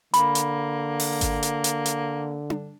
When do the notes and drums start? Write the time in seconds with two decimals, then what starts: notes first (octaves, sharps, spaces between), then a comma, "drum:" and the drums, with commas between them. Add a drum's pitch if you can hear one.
0.14 D3 A#3 B5, drum: hi-hat
0.35 drum: hi-hat
1.00 drum: open hi-hat
1.21 drum: kick G#1, hi-hat
1.43 drum: hi-hat
1.64 drum: hi-hat
1.86 drum: hi-hat
2.50 drum: tom D4